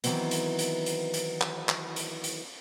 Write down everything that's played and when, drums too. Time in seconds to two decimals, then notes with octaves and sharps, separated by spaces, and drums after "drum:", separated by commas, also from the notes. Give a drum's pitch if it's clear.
0.04 D#3 E3 F#3 B3 C4, drum: hi-hat
0.31 drum: hi-hat
0.59 drum: hi-hat
0.86 drum: hi-hat
1.14 drum: hi-hat
1.41 drum: clap
1.69 drum: clap
1.96 drum: hi-hat
2.24 drum: hi-hat